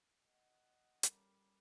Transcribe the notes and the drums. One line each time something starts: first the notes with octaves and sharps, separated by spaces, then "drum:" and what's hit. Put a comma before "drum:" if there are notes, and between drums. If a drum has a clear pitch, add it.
D#5 F#5
G3 C#4 A4 A#4, drum: hi-hat